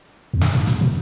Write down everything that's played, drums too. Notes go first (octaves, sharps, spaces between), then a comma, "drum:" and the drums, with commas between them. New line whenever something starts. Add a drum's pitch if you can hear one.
E2
G2, drum: snare
G2
A#2, drum: hi-hat
B2